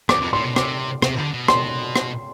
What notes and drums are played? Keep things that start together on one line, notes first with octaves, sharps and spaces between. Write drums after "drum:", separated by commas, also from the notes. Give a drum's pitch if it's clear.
E2 D6, drum: rim click
F2
A2 C6
B2
C3 D6, drum: rim click
C3, drum: rim click
D3
B2
C6, drum: rim click
drum: rim click